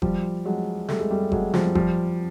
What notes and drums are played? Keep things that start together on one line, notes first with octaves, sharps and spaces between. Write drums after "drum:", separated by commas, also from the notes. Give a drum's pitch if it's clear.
F3 G3, drum: kick F#1
F#3 G#3
G3 A3, drum: snare
G#3
G3 A3
F#3 G#3, drum: kick F#1
F3 G3, drum: snare
F3 G3, drum: kick F#1